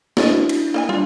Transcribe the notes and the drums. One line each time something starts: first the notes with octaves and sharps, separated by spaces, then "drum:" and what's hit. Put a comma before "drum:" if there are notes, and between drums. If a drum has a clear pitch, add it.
C#4 D4 E4 A4 D#5, drum: snare
drum: cymbal
A#3 D#5 G#5
G3 D4 F4